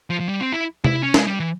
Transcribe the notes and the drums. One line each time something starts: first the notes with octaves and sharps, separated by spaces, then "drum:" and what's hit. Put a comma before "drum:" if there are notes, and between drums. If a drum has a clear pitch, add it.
F3
F3
G3
C4
E4
E4, drum: tom C3
C#4
G#3, drum: snare
G3
E3